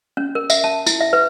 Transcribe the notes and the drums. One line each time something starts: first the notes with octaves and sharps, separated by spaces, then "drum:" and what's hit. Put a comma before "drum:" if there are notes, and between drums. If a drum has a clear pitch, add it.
C#4
A#4
E5, drum: tambourine
A5
E4, drum: tambourine
E5
B4